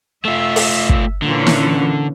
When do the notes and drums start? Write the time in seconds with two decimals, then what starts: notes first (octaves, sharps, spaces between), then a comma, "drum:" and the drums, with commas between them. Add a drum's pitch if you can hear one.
0.25 A3 F4 E5
0.56 drum: open hi-hat
0.89 drum: kick
1.22 A#2 D3 E3 C#4
1.47 drum: snare